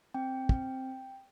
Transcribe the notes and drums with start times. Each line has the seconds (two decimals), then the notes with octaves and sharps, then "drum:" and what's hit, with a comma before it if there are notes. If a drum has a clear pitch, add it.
0.14 C4 G5
0.49 C4, drum: kick